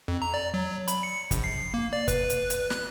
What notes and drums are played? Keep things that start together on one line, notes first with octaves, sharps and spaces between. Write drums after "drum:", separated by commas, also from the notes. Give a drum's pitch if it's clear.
F2
A#5
D5
F#3
B5, drum: hi-hat
C#7
A#1, drum: kick, hi-hat
C7
A#3
D5
B4, drum: kick, hi-hat
drum: hi-hat
drum: hi-hat
F#6, drum: snare